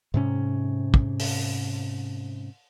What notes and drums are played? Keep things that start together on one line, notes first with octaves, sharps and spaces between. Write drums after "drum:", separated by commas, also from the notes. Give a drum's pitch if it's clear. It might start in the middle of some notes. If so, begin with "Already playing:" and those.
G#2 C3 C#4
drum: kick
drum: open hi-hat